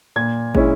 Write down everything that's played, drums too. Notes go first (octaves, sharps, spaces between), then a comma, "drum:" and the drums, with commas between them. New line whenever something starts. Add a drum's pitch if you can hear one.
A#2 G#6
G#3 C#4 E4, drum: kick